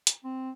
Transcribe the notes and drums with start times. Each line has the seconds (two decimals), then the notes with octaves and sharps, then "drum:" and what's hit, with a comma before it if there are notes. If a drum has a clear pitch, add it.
0.07 drum: hi-hat
0.24 C4